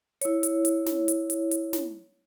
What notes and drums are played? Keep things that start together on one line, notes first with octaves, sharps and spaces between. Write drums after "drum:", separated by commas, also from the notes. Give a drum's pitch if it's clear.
E4 C#5, drum: hi-hat
drum: hi-hat
drum: hi-hat
drum: snare
drum: hi-hat
drum: hi-hat
drum: hi-hat
drum: snare